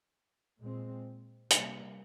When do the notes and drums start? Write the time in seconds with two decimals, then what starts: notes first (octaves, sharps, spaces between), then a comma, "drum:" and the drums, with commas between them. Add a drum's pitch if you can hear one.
0.61 A#2 G#3 C4
1.50 C3 G3 A#3, drum: hi-hat